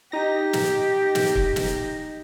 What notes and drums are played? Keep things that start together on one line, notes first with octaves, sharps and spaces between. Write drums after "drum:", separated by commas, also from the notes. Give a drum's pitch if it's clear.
D#4 G4 A#6
drum: snare
drum: snare
drum: kick C#1
drum: snare